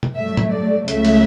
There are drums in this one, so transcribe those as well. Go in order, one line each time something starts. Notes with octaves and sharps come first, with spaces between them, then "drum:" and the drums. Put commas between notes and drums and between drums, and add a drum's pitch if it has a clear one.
drum: tom B2
G2 F#3 A3 E5
drum: tom A2
D5
C#2 C#3 F#3 A3 E5, drum: hi-hat
drum: cymbal